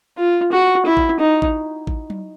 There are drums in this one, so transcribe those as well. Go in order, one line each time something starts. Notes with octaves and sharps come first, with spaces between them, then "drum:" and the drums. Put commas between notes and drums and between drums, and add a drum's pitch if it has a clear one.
F4
F#4
E4
drum: kick A1
D#4
drum: kick A1
drum: kick A1
drum: tom F#3